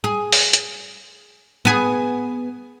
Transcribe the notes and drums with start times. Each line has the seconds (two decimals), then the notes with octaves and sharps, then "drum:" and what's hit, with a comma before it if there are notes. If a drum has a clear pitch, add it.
0.04 G#4
0.32 drum: open hi-hat
0.53 drum: hi-hat
1.65 B3 G#4